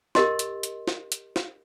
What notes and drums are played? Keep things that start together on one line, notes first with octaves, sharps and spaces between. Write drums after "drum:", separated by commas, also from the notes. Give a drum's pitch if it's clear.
G4 A#4 D#5 C6, drum: snare
drum: hi-hat
drum: hi-hat
drum: snare
drum: hi-hat
drum: snare